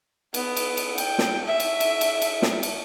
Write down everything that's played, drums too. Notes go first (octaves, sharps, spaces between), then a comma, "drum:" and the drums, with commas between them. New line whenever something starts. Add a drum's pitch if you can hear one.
B3, drum: cymbal
drum: cymbal
drum: cymbal
G5, drum: cymbal
drum: snare
E5
drum: cymbal
drum: cymbal
drum: cymbal
drum: cymbal
drum: snare
drum: cymbal